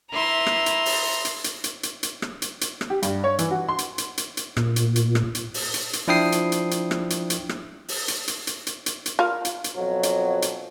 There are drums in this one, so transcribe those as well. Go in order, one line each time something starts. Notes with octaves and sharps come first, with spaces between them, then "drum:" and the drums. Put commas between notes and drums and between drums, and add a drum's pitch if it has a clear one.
E4 B4 A#5 C6
drum: rim click
drum: hi-hat
drum: open hi-hat
drum: hi-hat
drum: hi-hat
drum: hi-hat
drum: hi-hat
drum: hi-hat
drum: rim click
drum: hi-hat
drum: hi-hat
drum: rim click
G4
G2, drum: hi-hat
C#5
E3, drum: hi-hat
F#4
C6
drum: hi-hat
drum: hi-hat
drum: hi-hat
drum: hi-hat
A#2, drum: rim click
drum: hi-hat
drum: hi-hat
drum: rim click
drum: hi-hat
drum: open hi-hat
drum: hi-hat
drum: hi-hat
F3 D4 E4 G5 D#6 C7
drum: hi-hat
drum: hi-hat
drum: hi-hat
drum: rim click
drum: hi-hat
drum: hi-hat
drum: rim click
drum: open hi-hat
drum: hi-hat
drum: hi-hat
drum: hi-hat
drum: hi-hat
drum: hi-hat
drum: hi-hat
F4 A#4 F5
drum: hi-hat
drum: hi-hat
F2 B2 F#3
drum: hi-hat
drum: hi-hat